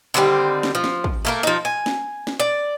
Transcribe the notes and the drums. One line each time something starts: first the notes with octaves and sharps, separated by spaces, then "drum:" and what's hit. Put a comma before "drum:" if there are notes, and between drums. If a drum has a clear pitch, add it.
D3 D#3 G3 C4
drum: snare
F3
drum: snare
drum: kick
A3 A#3 A#4
F3 D#4
G#5
drum: snare
drum: snare
D5